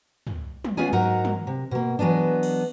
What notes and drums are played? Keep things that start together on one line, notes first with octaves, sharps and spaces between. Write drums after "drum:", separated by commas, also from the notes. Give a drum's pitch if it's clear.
drum: tom
drum: tom
G#3 B3 C#4 F4 G#4 G#5
G#2 F#3 D#4 A#4 F#5 A#5
drum: tom
C3
B2 A#3
E3 F#3 G#3 B3 D4
drum: cymbal